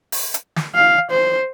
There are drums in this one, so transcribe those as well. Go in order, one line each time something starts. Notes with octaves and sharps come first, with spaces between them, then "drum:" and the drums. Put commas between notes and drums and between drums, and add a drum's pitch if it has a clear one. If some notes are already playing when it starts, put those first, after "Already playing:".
drum: open hi-hat
drum: hi-hat
drum: snare
F5
C5